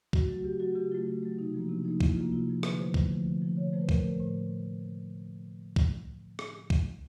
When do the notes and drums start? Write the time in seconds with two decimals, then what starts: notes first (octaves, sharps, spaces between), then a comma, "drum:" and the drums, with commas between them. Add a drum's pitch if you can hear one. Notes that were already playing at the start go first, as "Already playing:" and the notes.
0.13 C#3 F#4, drum: kick
0.29 F#3 A3
0.38 F#4
0.44 C#3 G4
0.60 F#3 A3 F#4
0.75 C#3 G4
0.92 F#3 A3 F4
1.07 C#3
1.23 F#3 A3
1.38 C3 D#4
1.54 F3 A#3
1.69 C3 D4
1.85 F3 A#3 D#4
2.00 C3 E4, drum: kick
2.16 F3 A#3 F4
2.32 C3 F4
2.48 F3 A#3
2.63 D3 B4, drum: rim click
2.78 F3 A3 C5
2.94 D3, drum: kick
3.10 F3 A3
3.26 D3
3.42 F3 A3
3.57 D3 C#5
3.73 F3 A3 C5
3.81 B4
3.89 A2 A#4, drum: kick
4.04 F3 A3 C5
4.20 A2 C5
5.76 drum: kick
6.39 drum: rim click
6.70 drum: kick